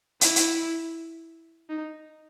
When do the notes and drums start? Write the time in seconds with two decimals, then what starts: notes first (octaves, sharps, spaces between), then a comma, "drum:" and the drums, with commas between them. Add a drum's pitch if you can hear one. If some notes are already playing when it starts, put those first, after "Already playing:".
0.21 E4, drum: hi-hat
0.36 drum: hi-hat
1.69 D#4